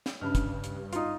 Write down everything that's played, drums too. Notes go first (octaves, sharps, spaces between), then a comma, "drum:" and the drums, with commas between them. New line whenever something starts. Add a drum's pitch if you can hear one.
drum: snare
G2 C#3 G3 C#4 D4 B4 F6
drum: kick, hi-hat
drum: hi-hat
D#4 F4 C6 D#6, drum: hi-hat